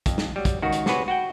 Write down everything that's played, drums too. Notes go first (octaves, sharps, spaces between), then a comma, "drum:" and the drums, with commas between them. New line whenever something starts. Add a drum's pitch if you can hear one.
F2, drum: kick, hi-hat
drum: snare
F#3 G3
drum: kick, hi-hat
C#2 D#3 C#4 F#4
drum: hi-hat
C3 F#4 G#4 B4 C#5, drum: snare
F#4 F#5 G5